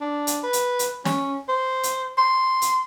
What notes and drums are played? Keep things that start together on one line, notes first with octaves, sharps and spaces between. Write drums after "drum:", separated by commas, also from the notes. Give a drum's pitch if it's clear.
D4
drum: hi-hat
B4
drum: hi-hat
drum: hi-hat
C#4, drum: snare
C5
drum: hi-hat
C6
drum: hi-hat